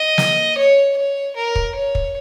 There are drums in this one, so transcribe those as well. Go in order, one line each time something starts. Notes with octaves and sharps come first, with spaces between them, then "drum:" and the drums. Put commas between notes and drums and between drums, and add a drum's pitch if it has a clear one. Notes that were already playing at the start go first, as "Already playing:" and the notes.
Already playing: D#5
drum: snare
C#5
C#5
A#4
drum: kick
C#5
drum: kick